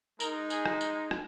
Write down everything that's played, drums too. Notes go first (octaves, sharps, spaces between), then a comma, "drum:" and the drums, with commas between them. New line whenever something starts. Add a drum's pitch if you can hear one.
G#3 D#4 A#4, drum: tambourine
G#4, drum: tambourine
drum: rim click
drum: tambourine
drum: rim click